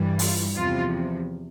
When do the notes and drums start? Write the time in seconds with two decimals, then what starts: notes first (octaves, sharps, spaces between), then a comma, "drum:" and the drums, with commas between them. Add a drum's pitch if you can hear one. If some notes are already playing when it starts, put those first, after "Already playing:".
Already playing: G2 E3 G3
0.19 F4, drum: open hi-hat
0.56 E2 C3 F3 F4